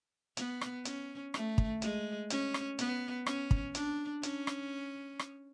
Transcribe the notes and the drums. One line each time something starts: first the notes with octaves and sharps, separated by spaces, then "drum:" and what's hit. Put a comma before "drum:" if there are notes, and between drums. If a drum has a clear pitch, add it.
B3, drum: hi-hat
drum: rim click
C#4, drum: hi-hat
A3, drum: rim click
drum: kick
G#3, drum: hi-hat
C#4, drum: hi-hat
drum: rim click
B3, drum: hi-hat
C#4, drum: rim click
drum: kick
D4, drum: hi-hat
C#4, drum: hi-hat
drum: rim click
drum: rim click